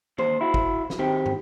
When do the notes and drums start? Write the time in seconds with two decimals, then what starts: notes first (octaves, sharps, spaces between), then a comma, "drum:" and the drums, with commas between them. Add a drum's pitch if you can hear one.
0.18 D#2 C5, drum: tom
0.41 E4 F#4
0.54 drum: kick
0.90 drum: snare
0.99 D#3 C4 G4
1.26 drum: tom